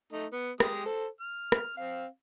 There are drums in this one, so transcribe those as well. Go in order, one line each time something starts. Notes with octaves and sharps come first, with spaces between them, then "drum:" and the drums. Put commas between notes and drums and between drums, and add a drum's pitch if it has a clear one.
A3 D#4
B3
G#3 G4 D#6, drum: rim click
A4 C5
F6
drum: rim click
C4 F5